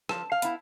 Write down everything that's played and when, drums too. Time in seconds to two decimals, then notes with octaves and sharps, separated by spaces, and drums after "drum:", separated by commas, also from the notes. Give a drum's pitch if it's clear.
0.09 F3 A5, drum: rim click
0.32 F5
0.42 B3 E4, drum: hi-hat